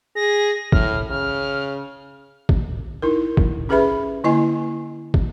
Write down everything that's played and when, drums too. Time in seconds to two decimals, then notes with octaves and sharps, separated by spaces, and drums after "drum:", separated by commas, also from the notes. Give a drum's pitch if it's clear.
0.16 G#4 A#6
0.72 A2 F6, drum: kick
1.10 C#3 F6
2.49 drum: kick
3.02 D#4 E4 A#4
3.37 drum: kick
3.69 C#4 G4 G#4 B4 E5 B5
4.24 D3 A#3 E4 D#5 G#5
5.14 drum: kick